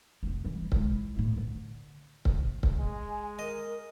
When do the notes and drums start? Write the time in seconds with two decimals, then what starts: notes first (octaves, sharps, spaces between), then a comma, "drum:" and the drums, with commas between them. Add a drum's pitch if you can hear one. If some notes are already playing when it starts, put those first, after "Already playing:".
0.23 F1 C4
0.45 E3 G3
0.72 G#3 E4, drum: kick C#1
1.17 A#1 A2
1.37 D3
2.25 drum: kick C#1
2.63 drum: kick C#1
2.78 G#3 G#5
3.39 A#4 D#5